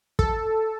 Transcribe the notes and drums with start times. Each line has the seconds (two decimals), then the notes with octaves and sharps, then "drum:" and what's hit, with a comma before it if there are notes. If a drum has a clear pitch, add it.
0.19 A4, drum: kick